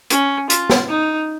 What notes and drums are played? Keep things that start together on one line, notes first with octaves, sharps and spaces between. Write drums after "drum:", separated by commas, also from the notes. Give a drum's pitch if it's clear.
C#4, drum: hi-hat
F4, drum: hi-hat
drum: snare
D#4